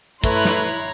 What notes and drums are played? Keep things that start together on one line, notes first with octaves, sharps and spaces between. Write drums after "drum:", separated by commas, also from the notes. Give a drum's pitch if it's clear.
A3 E4 B4 C#5 A#5 C6 F#6, drum: kick, hi-hat
drum: snare